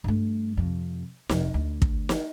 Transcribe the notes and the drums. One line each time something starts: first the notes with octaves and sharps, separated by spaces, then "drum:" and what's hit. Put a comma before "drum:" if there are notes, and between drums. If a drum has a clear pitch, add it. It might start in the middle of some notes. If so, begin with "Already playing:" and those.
G2 A3
F2 C3
F1 F2, drum: snare
D2
drum: kick
drum: snare